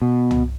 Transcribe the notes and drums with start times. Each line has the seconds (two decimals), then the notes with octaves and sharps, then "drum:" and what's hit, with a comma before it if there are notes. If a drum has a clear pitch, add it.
0.02 B2
0.31 drum: tom